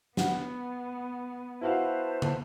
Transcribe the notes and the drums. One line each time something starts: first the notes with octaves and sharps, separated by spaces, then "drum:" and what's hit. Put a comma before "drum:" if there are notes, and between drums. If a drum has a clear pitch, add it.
B3 F#5, drum: snare
E4 F#4 B4 C5 F5 A5
drum: tom